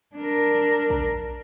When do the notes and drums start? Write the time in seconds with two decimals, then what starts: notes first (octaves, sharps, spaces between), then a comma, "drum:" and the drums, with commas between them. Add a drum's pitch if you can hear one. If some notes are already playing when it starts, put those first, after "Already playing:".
0.16 D4 A#4
0.90 drum: kick A#1